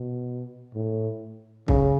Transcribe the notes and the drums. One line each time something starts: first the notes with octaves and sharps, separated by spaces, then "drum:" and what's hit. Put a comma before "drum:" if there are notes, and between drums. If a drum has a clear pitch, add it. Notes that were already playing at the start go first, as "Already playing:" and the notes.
Already playing: B2
A2
C#3, drum: kick C2